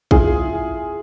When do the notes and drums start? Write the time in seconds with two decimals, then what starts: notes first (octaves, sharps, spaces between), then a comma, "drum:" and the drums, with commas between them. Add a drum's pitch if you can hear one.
0.11 E4 F4 G#4, drum: kick